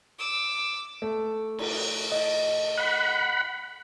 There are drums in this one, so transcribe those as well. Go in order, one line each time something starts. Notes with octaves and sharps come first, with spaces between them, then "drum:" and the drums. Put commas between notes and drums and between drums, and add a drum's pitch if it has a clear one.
D6 E6
A3
drum: cymbal
D#5
F#5 B5